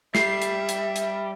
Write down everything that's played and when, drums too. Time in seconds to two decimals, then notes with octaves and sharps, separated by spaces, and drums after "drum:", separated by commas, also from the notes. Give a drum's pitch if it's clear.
0.15 G3 E5 C7, drum: snare
0.42 drum: hi-hat
0.69 drum: hi-hat
0.96 drum: hi-hat